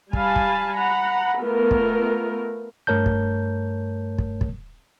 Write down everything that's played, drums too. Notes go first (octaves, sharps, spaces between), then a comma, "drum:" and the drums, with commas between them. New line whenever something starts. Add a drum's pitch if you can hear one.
G3 F5 G#5 A5 B5, drum: kick
drum: kick
F#5 A#5 B5
A3 B3 F4 A#4
drum: kick
G2 A3 A#4 C#5 A5 G6
drum: kick
drum: kick
drum: kick